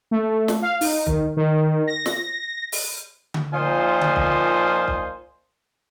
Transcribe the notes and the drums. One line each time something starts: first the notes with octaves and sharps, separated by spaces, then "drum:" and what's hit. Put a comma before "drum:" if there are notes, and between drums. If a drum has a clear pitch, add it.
A3
drum: snare
F5
D#4, drum: open hi-hat
D#3, drum: kick
D#3
A#6
drum: snare
drum: open hi-hat
drum: tom D3
A#2 F3 D#4 F4 C5 G#5
drum: tom D3
drum: kick
drum: kick